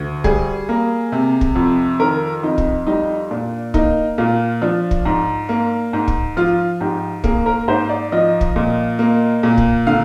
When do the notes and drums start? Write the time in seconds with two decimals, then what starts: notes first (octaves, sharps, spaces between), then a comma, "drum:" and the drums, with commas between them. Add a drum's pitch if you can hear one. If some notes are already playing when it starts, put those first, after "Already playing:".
Already playing: D2
0.24 G3 G#4, drum: kick
0.69 A#3
1.12 C3
1.41 drum: kick
1.55 F2
1.99 D#3 A#4
2.43 F2 D#4
2.58 drum: kick
2.87 G3 D#4
3.31 A#2 D4
3.74 A#3 D#4, drum: kick
4.18 A#2 F4
4.62 F3 D4
4.91 drum: kick
5.05 G#2
5.49 A#3
5.93 G#2
6.08 drum: kick
6.37 F3 F4
6.81 G#2 G4
7.24 A#3 G#4, drum: kick
7.46 A#4
7.68 G#2 C5
7.89 D5
8.12 F3 D#5
8.41 drum: kick
8.56 A#2
8.99 A#3
9.43 A#2
9.57 drum: kick
9.87 D3 F5